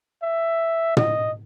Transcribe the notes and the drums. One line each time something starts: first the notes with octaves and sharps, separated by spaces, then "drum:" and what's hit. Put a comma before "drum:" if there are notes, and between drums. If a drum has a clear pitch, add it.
E5
D#5, drum: tom